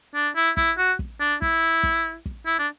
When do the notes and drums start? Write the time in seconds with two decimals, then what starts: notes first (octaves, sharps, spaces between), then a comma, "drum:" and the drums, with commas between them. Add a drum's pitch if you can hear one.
0.14 D4
0.36 E4
0.57 E4, drum: kick
0.78 F#4
0.99 drum: kick
1.20 D4
1.42 E4, drum: kick
1.83 drum: kick
2.26 drum: kick
2.46 E4
2.59 D4